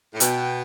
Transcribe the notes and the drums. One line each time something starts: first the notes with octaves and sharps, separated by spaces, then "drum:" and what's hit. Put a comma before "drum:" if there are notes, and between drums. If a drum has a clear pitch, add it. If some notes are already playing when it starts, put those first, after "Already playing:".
A2
B2 G5, drum: hi-hat